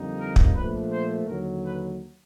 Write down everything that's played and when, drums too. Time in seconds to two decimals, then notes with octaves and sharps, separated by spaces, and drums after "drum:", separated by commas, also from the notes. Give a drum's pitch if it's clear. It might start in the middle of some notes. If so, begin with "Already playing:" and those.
Already playing: F2 D3 G3 A#3 D#4
0.18 A#4
0.36 drum: kick
0.54 A#2 F3 A3 D4 B4
0.90 C5
1.26 D#2 D3 F#3 A#4
1.63 B4